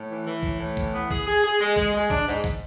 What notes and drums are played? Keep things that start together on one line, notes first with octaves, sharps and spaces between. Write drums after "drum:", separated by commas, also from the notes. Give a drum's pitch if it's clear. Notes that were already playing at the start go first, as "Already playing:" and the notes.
Already playing: A2
E3
E3
A2, drum: kick
A2
E3, drum: kick
B3
G#4, drum: kick
G#4
G#4
G#3
G#3, drum: kick
G#3
D4, drum: kick
G#2
drum: kick